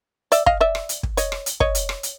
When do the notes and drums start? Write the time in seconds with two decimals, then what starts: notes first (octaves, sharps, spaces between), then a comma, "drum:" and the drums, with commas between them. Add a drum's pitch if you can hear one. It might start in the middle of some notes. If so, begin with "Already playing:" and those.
0.32 D5 E5, drum: hi-hat
0.46 D#5 F5, drum: kick
0.60 D5 E5
0.75 drum: rim click
0.89 drum: hi-hat
1.03 drum: kick
1.17 C#5 D#5, drum: hi-hat
1.32 drum: rim click
1.46 drum: hi-hat
1.60 C#5 D#5, drum: kick
1.75 drum: hi-hat
1.89 drum: rim click
2.03 drum: hi-hat